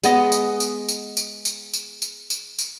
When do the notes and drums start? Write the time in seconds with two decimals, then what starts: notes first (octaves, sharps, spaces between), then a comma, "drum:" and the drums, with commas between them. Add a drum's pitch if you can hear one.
0.04 G#3 B3 D#5, drum: tambourine
0.32 drum: tambourine
0.60 drum: tambourine
0.89 drum: tambourine
1.17 drum: tambourine
1.45 drum: tambourine
1.74 drum: tambourine
2.02 drum: tambourine
2.30 drum: tambourine
2.59 drum: tambourine